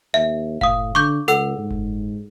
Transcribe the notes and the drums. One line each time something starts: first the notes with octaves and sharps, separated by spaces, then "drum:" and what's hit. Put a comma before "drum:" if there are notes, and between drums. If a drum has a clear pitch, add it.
D#2 E5
A2 F5 D#6, drum: kick F#1
D3 C#6 D6 G6
C#2 A4 F#5 E6, drum: hi-hat
G#2
drum: kick F#1